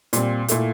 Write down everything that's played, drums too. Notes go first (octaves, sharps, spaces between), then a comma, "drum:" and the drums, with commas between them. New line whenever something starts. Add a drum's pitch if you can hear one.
A#2 G3 C4, drum: hi-hat
A#2 A3 E4, drum: hi-hat